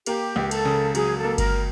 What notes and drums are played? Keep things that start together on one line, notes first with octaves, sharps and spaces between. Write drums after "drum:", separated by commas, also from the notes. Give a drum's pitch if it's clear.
A#3 G4, drum: cymbal
C#2
A4, drum: cymbal
C#3
F#3 G#4, drum: cymbal
A4
A#3
A#4, drum: kick G1, cymbal